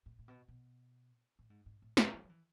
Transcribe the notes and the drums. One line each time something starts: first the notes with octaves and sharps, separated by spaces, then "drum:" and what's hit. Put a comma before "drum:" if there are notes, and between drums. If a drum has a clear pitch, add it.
A2
A2
B2
B2
A2
G#2
G#2
A2
B2, drum: snare
E3
F#3
E3